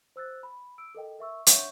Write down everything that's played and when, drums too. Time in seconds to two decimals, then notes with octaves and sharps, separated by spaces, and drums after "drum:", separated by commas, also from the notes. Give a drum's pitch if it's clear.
0.16 C5 E6 F#6 A6
0.43 B5
0.78 E6 D7
0.95 A4 A#4 D#5 G5
1.19 A#4 E5 C#6 E6
1.47 D4 C#5 E5 F#5 C#6 G6, drum: hi-hat